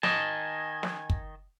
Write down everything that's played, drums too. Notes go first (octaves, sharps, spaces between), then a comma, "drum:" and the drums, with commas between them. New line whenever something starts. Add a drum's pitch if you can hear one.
D#3 D#5 G#5 A5, drum: snare
drum: snare
drum: kick